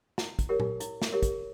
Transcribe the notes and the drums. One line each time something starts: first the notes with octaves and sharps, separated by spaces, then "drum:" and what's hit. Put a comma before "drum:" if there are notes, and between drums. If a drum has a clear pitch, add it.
E4, drum: snare
drum: kick, hi-hat
G4 A#4 C#5
drum: tom A#2
E4, drum: hi-hat
drum: snare
G4 A#4 C#5
drum: kick, hi-hat